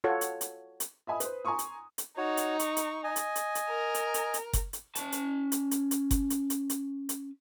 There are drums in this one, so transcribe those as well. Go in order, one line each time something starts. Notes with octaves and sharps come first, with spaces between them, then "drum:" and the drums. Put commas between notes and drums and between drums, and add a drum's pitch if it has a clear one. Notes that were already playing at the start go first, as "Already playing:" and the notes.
F4 F#4 A4 C#5
drum: hi-hat
drum: hi-hat
drum: hi-hat
D#5 E5 G#5 B5 D#6
B4 C5, drum: hi-hat
G#5 A#5 C6 C#6 D#6
drum: hi-hat
drum: hi-hat
D#4 F#4 C#5
drum: hi-hat
C#6, drum: hi-hat
drum: hi-hat
D#5 G#5
drum: hi-hat
drum: hi-hat
drum: hi-hat
A#4
drum: hi-hat
drum: hi-hat
drum: hi-hat
drum: kick F#1, hi-hat
drum: hi-hat
C#4 A5, drum: hi-hat
drum: hi-hat
drum: hi-hat
drum: hi-hat
drum: hi-hat
drum: kick F#1, hi-hat
drum: hi-hat
drum: hi-hat
drum: hi-hat
drum: hi-hat